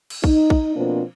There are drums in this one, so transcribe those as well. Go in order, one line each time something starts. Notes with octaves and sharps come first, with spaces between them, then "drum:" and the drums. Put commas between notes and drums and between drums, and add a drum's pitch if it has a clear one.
drum: cymbal
D#4, drum: kick
drum: kick
B2 F3 A#3 C4 D4 F4